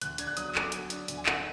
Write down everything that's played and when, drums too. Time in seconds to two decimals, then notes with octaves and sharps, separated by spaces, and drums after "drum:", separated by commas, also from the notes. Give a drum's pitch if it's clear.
0.01 D2 F#6, drum: hi-hat
0.18 D4 G#6, drum: hi-hat
0.27 F#6
0.37 F#3 D#6, drum: hi-hat
0.49 D#6
0.55 D3 D6, drum: clap
0.72 F#3, drum: hi-hat
0.90 D4, drum: hi-hat
1.08 D2, drum: hi-hat
1.17 G#5
1.26 D4 F#5, drum: clap